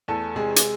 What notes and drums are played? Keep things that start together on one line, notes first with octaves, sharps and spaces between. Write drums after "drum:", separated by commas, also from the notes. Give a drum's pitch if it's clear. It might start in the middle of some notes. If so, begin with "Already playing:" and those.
E2 A3 A4
C3 G#3 G#4
drum: hi-hat